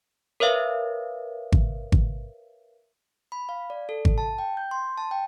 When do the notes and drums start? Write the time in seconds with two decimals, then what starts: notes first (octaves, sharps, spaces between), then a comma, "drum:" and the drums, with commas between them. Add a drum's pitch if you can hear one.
0.40 A#4 B4 C#5 E5 F5
1.52 drum: kick G#1
1.92 drum: kick G#1
3.32 B5
3.49 F5
3.70 D5
3.89 A4
4.05 drum: kick G#1
4.18 A5
4.38 G5
4.57 G6
4.71 C6
4.98 A5
5.11 G5